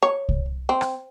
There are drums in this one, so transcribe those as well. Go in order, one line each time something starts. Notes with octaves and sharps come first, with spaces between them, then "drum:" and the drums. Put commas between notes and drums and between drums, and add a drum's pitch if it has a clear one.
C#5
drum: kick C2
C4
drum: rim click